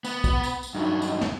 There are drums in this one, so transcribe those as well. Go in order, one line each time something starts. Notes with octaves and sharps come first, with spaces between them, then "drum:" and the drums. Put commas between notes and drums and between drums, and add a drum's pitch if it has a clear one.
B3, drum: tambourine
drum: kick, tambourine
drum: tambourine
drum: tambourine
G2 F#3 D#4
drum: tambourine
drum: snare